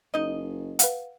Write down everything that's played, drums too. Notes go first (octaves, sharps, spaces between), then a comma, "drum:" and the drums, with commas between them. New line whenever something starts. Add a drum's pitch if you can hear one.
F#1 D#4 D#5
B4 F5 F#5, drum: hi-hat